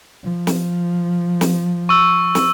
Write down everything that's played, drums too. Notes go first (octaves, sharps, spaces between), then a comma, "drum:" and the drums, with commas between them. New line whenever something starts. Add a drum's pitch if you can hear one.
F3
drum: snare
drum: snare
C#6 E6
drum: snare